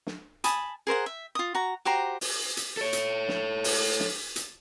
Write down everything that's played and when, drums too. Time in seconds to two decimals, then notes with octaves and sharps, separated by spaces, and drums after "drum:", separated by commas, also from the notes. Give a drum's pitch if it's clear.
0.07 drum: snare
0.44 G#5 A5 B5 D#6, drum: hi-hat
0.87 G#4 A#4 C5 F#5
1.06 E5
1.35 F4 D#6
1.55 F#4 A#5
1.85 F#4 G4 C5 A#5
2.21 drum: open hi-hat
2.57 drum: hi-hat
2.77 A4 C#5
2.93 drum: hi-hat
3.28 drum: snare
3.64 drum: open hi-hat
4.00 drum: snare
4.36 drum: hi-hat